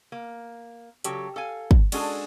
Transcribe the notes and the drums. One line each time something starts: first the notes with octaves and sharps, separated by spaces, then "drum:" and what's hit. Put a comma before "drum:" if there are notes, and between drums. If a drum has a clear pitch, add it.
A#3
C#3 F#3 G4 A4, drum: hi-hat
A4 F5 G#5
drum: kick
G#3 C#4 D4 F#4 G#4 A4, drum: cymbal